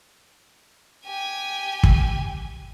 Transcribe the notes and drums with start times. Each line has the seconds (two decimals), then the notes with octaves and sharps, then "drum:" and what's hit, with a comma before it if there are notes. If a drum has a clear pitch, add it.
1.05 G4 G#5
1.83 drum: kick